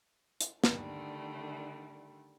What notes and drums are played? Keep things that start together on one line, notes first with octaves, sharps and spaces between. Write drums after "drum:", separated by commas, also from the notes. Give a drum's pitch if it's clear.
drum: hi-hat
D3 D#3 G3 A3, drum: snare